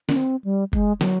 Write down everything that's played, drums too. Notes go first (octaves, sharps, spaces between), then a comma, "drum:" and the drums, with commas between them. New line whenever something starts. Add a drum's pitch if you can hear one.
C#4, drum: snare
C4
G3
G#3, drum: kick
F#3, drum: snare